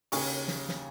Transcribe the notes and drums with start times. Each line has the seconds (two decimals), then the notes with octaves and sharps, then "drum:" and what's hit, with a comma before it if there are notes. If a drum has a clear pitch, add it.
0.12 D#2 C#3 A#3 C#4 G#5 C#6, drum: open hi-hat
0.48 drum: snare
0.69 drum: snare